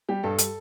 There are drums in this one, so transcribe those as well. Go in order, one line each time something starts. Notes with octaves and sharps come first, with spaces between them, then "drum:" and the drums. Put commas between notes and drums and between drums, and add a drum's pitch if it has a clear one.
G3 G4
G2 A4
drum: hi-hat